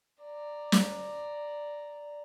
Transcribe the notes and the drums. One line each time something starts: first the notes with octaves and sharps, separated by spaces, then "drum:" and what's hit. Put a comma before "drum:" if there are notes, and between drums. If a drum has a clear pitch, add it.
D5 A#5
drum: snare